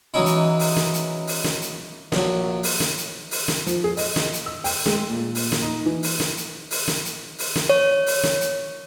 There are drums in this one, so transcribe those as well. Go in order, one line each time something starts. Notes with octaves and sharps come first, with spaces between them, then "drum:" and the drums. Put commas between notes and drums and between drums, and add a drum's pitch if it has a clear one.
E3 F#3 G#3 C#4 D#4 E4
drum: hi-hat
drum: open hi-hat
drum: snare
drum: hi-hat
drum: open hi-hat
drum: snare
drum: hi-hat
A#1 F#3, drum: snare
drum: open hi-hat
drum: snare
drum: hi-hat
drum: open hi-hat
drum: snare
F3, drum: hi-hat
G#4
D#5, drum: open hi-hat
drum: snare
drum: hi-hat
E6
G5, drum: open hi-hat
G#3, drum: snare
A#2
drum: open hi-hat
drum: snare
D#4
E3
drum: open hi-hat
drum: snare
drum: hi-hat
drum: open hi-hat
drum: snare
drum: hi-hat
drum: open hi-hat
drum: snare
C#5
drum: open hi-hat
drum: snare
drum: hi-hat